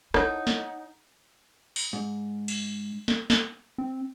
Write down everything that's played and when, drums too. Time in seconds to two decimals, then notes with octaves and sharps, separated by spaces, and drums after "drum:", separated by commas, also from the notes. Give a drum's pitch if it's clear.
0.14 D#4 E4 C#5 F#5 G#5 A5 D#6, drum: rim click
0.47 drum: snare
1.76 drum: open hi-hat
1.93 G#2
2.48 drum: cymbal
3.08 drum: snare
3.30 drum: snare
3.78 C4